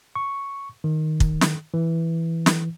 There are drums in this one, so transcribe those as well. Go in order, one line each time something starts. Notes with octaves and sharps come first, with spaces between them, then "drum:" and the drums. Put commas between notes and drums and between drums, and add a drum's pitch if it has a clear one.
C#6
D#3
drum: kick
drum: snare
E3
drum: snare